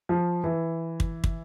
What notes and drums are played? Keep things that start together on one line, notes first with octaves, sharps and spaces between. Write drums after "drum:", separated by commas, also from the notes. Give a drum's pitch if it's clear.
F3
E3
drum: kick
drum: kick